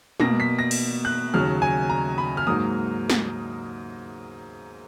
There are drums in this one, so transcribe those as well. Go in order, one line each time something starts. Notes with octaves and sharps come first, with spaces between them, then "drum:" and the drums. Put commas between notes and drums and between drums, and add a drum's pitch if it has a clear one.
B2 A#3 A#6, drum: tom
B6
A#6
drum: cymbal
F#6
D#2 C#3 F#3 F6
G#5
A#5
B5
F6
G#2 F#3 A#3 D#6
drum: snare